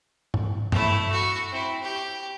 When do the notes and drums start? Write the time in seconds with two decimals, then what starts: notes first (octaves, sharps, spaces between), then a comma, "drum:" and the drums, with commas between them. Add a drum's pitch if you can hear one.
0.34 drum: tom
0.72 A3 E4, drum: tom G2
1.12 F#4
1.52 C4 E4
1.82 G4